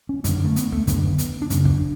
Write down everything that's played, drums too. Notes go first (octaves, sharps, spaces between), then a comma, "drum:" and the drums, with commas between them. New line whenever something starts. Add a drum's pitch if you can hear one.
C#4
F#2 D3 C#4, drum: hi-hat
A3
B3, drum: hi-hat
A3, drum: kick
F#2 D3 B3, drum: kick, hi-hat
drum: hi-hat
D4
F#2 C#3 C#4, drum: hi-hat
D4, drum: kick